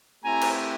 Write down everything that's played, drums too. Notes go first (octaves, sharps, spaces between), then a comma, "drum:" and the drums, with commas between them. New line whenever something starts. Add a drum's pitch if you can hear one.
A3 C4 E4 G4 G#5 A#5
drum: cymbal